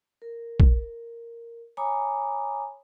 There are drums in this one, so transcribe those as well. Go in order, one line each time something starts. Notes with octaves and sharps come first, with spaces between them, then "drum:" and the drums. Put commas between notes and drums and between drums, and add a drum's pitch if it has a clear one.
A#4
drum: kick A#1
C#5 G#5 A#5 B5 D6 D#6